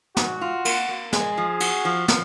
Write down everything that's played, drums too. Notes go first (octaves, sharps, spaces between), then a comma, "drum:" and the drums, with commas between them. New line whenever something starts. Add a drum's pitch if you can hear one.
G#2 F#4, drum: snare
F4
A#3, drum: cymbal
A#3
G#3 G#4, drum: snare
F3
F#4, drum: cymbal
F3
F3, drum: snare